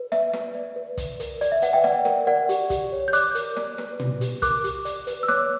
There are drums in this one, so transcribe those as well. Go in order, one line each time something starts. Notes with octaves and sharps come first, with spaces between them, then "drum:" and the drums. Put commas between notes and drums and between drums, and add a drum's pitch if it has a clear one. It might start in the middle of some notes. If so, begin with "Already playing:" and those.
Already playing: B4
D5 E5, drum: snare
B4, drum: snare
D5
B4
D5, drum: kick, hi-hat
A#4, drum: hi-hat
D5, drum: hi-hat
E5
B4 D5 F#5, drum: hi-hat
E5 G5
D5 F#5, drum: snare
A#4, drum: snare
A#4 D5 F#5
G4, drum: hi-hat
G4, drum: kick, hi-hat
C#5
G6
D5 D6 F#6, drum: hi-hat
A#4, drum: hi-hat
D5, drum: snare
B4, drum: snare
B4, drum: tom
G4, drum: hi-hat
A#4 D6 F#6, drum: kick, hi-hat
G4, drum: hi-hat
D5, drum: hi-hat
B4, drum: hi-hat
E6
C#5 D6 F#6, drum: snare